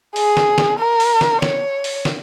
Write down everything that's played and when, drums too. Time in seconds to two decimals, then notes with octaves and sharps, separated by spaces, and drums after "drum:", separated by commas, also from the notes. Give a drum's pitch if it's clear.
0.16 G#4, drum: open hi-hat
0.37 drum: snare
0.58 drum: snare
0.79 A#4
1.00 drum: open hi-hat
1.21 drum: snare
1.42 C#5, drum: snare
1.84 drum: open hi-hat
2.05 drum: snare